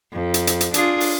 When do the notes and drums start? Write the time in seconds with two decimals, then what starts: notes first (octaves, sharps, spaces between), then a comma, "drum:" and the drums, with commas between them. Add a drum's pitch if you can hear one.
0.13 F2
0.34 drum: hi-hat
0.47 drum: hi-hat
0.61 drum: hi-hat
0.74 D4 F4 G#4, drum: hi-hat
1.00 drum: open hi-hat